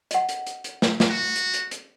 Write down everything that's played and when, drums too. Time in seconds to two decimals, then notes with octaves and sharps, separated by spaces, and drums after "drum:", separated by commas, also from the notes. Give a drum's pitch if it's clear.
0.11 D#5 F#5, drum: hi-hat
0.29 drum: hi-hat
0.46 drum: hi-hat
0.64 drum: hi-hat
0.82 drum: snare
1.00 drum: snare
1.10 F#4
1.36 drum: hi-hat
1.54 drum: hi-hat
1.71 drum: hi-hat